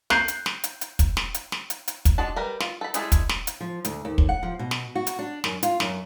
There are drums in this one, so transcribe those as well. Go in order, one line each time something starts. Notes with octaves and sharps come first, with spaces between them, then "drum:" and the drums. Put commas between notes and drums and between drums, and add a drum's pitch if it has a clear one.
F#6 G6 C7, drum: snare
drum: hi-hat
drum: snare
drum: hi-hat
drum: hi-hat
drum: kick, hi-hat
drum: snare
drum: hi-hat
drum: snare
drum: hi-hat
drum: hi-hat
drum: kick, hi-hat
G#3 D4 F#4 A5
G3 A#4 B4
F4, drum: snare
A4 B5
G3 G#3 E4 G#4 A4, drum: hi-hat
drum: kick, hi-hat
drum: snare
drum: hi-hat
F3
D2, drum: hi-hat
D#2
drum: kick
F#5
F3
B2
drum: snare
F#4
drum: hi-hat
D4
F#2, drum: snare
F4, drum: hi-hat
F#2, drum: snare